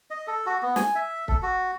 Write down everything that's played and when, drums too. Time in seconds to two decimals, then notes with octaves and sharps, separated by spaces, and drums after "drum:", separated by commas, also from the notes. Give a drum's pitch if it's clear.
0.10 D#5
0.27 A4
0.46 F#4
0.63 B3
0.76 G#5, drum: snare
0.95 E5
1.28 A4, drum: kick
1.43 F#4